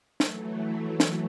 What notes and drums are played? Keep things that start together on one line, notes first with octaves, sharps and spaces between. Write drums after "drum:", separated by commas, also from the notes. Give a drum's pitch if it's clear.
E3 F#3 A3, drum: snare
drum: snare